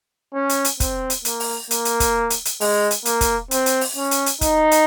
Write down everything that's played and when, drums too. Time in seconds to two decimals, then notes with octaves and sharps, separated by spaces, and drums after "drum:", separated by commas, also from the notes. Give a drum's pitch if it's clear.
0.34 C#4
0.49 drum: hi-hat
0.64 drum: hi-hat
0.80 C4, drum: kick, hi-hat
1.10 drum: hi-hat
1.25 A#3, drum: hi-hat
1.40 drum: open hi-hat
1.71 A#3, drum: hi-hat
1.85 drum: hi-hat
2.00 drum: kick, hi-hat
2.30 drum: hi-hat
2.45 drum: hi-hat
2.61 G#3, drum: open hi-hat
2.91 drum: hi-hat
3.05 A#3, drum: hi-hat
3.21 drum: kick, hi-hat
3.51 C4, drum: hi-hat
3.66 drum: hi-hat
3.81 drum: open hi-hat
3.96 C#4
4.11 drum: hi-hat
4.26 drum: hi-hat
4.41 D#4, drum: kick, hi-hat
4.71 drum: hi-hat